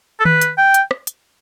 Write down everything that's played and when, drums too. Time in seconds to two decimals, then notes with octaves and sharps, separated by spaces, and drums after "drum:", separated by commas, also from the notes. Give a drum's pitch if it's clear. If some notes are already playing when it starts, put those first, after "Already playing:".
0.20 A4
0.25 B4, drum: tom D#3
0.41 drum: hi-hat
0.58 G5
0.74 drum: hi-hat
0.91 drum: rim click
1.07 drum: hi-hat